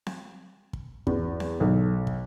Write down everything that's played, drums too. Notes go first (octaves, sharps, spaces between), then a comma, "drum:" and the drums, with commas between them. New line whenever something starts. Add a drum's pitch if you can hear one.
drum: snare C4
drum: kick
E2, drum: kick
drum: snare C4
B1
drum: kick